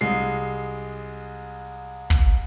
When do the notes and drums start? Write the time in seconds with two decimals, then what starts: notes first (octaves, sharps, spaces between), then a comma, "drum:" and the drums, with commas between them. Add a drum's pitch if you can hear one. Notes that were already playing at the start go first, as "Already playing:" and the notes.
0.01 C2 G#3 C7
2.10 drum: kick